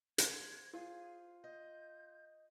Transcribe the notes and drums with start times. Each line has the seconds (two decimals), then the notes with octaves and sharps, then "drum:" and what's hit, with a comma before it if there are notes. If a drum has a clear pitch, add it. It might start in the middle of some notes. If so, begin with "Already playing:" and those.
0.18 C5 G#6, drum: hi-hat
0.73 F4 G#4
1.44 D#5 G6